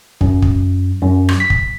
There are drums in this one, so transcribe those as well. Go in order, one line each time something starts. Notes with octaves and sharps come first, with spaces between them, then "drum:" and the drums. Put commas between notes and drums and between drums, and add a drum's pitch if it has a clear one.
F#2, drum: kick
drum: kick
F#2
drum: rim click
B6
drum: kick